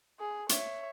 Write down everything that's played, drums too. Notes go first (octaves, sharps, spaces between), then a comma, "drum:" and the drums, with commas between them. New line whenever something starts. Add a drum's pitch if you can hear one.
G#4
C#5 E5, drum: hi-hat